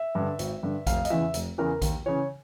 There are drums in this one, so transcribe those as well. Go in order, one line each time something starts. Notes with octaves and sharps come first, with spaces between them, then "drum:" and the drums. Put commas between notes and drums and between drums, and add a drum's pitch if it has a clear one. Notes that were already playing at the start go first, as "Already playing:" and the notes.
Already playing: E5
G2
D3
G#1, drum: hi-hat
G2 D3
F1 F5, drum: kick A#1, hi-hat
D#5, drum: hi-hat
E2 C#3 E3 E5
F1, drum: hi-hat
E2 C#3 E3 A#4
D#2, drum: kick A#1, hi-hat
C#3 E3 C#5